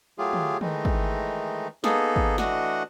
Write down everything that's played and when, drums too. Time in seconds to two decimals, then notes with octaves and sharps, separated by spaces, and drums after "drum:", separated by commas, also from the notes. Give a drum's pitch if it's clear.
0.18 F#3 A3 F4 G4 G#4
0.33 drum: tom
0.61 D#3 E3 G#3 A3 D#4, drum: tom
0.85 drum: kick
1.84 A#3 B3 D#4 G#4 A4, drum: snare
2.16 drum: kick
2.38 E3 A3 D4 F#4 D#5 F#5, drum: snare